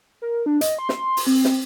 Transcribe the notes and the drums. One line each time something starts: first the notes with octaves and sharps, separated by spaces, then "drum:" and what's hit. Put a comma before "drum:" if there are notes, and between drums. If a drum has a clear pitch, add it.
A#4
D4
D#5, drum: hi-hat
C6
drum: snare
drum: open hi-hat
C4
drum: snare